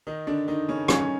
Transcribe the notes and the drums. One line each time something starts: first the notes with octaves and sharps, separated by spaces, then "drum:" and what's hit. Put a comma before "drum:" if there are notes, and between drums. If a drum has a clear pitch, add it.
D#3 D#4
D3 D4
D#3 D#4
C#3 C#4
C#3 C#4, drum: rim click